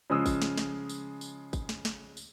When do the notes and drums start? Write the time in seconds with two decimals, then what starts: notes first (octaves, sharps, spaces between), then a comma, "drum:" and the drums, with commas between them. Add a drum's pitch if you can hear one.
0.10 C#3 F3 G#3 D#6 E6
0.26 drum: kick G#1, tambourine
0.42 drum: snare
0.57 drum: snare
0.89 drum: tambourine
1.21 drum: tambourine
1.53 drum: kick G#1, tambourine
1.69 drum: snare
1.85 drum: snare
2.17 drum: tambourine